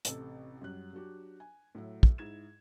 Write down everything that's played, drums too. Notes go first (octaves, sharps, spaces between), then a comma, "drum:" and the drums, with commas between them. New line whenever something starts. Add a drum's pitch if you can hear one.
A1 C3 A4, drum: hi-hat
F#2 F#3 G3 F#6
F#3 D4 F#4 G4
G#5
A2 F#3 E5
drum: kick
G#2 E4 G#6 E7